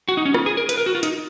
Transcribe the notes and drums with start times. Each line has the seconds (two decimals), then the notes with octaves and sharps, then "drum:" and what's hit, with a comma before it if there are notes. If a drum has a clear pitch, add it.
0.08 F#4
0.17 D#4
0.25 C#4
0.34 F4, drum: rim click
0.46 G#4
0.57 A#4
0.69 B4, drum: hi-hat
0.78 A#4
0.86 F#4
0.95 F4
1.03 D#4, drum: hi-hat